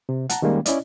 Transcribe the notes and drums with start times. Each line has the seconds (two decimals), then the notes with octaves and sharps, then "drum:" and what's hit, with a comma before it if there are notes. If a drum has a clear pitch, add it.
0.09 C3
0.30 F#5 A5 A#5, drum: hi-hat
0.42 D#3 G3 G#3 A#3 C#4
0.66 C#4 E4 D5 D#5, drum: hi-hat